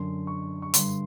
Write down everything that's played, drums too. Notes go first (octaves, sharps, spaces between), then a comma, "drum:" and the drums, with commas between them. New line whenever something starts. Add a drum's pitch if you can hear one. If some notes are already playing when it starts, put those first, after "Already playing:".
Already playing: F#2 D3 C6
C#6
C#6
G2 D3 C6, drum: hi-hat